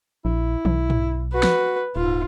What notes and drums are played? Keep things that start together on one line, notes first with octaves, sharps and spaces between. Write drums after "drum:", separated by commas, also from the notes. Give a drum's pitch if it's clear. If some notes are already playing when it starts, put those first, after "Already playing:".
A#1 E4
B1, drum: tom D#3
drum: tom
F#4 B4
drum: snare
D#1 G#2 F4